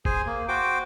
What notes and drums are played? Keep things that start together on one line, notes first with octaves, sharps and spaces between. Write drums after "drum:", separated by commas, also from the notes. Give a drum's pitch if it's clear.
G#4 C5 G#5, drum: kick
A#3
F#4 C5 G5 D6